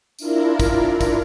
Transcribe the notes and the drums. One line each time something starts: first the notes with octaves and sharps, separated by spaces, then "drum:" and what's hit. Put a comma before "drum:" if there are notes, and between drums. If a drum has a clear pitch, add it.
D4 E4 F4 A#4, drum: tambourine
drum: kick, tambourine
drum: kick, tambourine